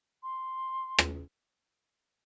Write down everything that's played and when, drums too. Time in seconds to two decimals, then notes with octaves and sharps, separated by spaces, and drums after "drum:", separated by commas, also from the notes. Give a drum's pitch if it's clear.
0.23 C6
0.99 drum: rim click